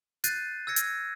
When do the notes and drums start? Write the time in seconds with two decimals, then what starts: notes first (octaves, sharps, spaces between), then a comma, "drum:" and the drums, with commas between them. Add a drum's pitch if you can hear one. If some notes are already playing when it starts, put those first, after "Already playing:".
0.24 F#6 G6 A6 C7 D#7, drum: hi-hat
0.67 E6 G#6 A#6 C#7
0.76 drum: hi-hat